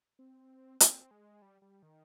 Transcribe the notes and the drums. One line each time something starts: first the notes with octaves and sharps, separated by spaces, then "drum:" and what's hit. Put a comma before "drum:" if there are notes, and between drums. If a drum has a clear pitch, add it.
C4
C4, drum: hi-hat
G#3
G3
G3
D#3